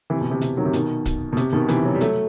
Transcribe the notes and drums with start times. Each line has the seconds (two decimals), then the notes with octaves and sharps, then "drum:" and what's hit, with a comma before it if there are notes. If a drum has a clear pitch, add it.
0.10 C3 E3
0.21 B2
0.31 C3
0.41 C3, drum: hi-hat
0.57 D#3 F#3
0.65 C3
0.73 B2 D#3, drum: hi-hat
1.06 drum: kick, hi-hat
1.33 B2
1.37 C3, drum: hi-hat
1.53 B2 D#3
1.68 C3 E3, drum: hi-hat
1.85 D#3 F#3
1.95 G3
2.01 F#3 A3, drum: hi-hat